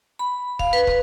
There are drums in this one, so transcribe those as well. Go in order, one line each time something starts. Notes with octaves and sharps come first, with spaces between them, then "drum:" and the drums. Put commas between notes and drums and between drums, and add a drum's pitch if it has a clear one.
B5
F5, drum: kick
B4
drum: kick